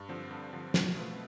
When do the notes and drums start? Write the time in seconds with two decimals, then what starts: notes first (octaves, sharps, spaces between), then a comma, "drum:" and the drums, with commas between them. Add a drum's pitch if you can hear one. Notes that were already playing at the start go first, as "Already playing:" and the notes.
Already playing: G2
0.09 D3 F3 C4
0.31 G2
0.52 D3 F3 C4
0.74 B2, drum: snare
0.95 A3 C4 F4 B4